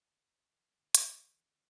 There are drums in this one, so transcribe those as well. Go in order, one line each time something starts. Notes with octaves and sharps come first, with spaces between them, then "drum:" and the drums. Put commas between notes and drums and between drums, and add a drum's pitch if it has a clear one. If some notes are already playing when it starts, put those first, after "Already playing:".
E2 D3
F1
E2 D3
A1 F3
G2 D3
A1, drum: hi-hat
G2 D3
A1 E3
D3